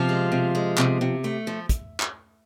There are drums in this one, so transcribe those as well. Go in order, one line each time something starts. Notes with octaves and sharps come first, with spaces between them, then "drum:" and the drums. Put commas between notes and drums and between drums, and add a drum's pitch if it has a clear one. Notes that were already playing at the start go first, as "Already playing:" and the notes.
Already playing: C3 F3 F4
G#3
C3
G#3
C3, drum: clap
C3
A3
F3
drum: kick, hi-hat
drum: clap